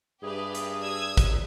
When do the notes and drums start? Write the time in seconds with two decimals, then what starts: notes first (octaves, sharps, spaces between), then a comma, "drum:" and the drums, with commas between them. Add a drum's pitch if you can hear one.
0.23 G2 G4 G#4 B4 D5 E5 D#6
0.55 drum: hi-hat
0.82 G4 D5 D#6 E6 G#6
1.17 drum: kick, hi-hat